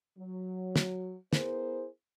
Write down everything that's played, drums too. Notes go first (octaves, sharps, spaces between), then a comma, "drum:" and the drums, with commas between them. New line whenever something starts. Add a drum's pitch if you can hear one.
F#3
drum: snare
B3 E4 G#4 A#4 C5, drum: snare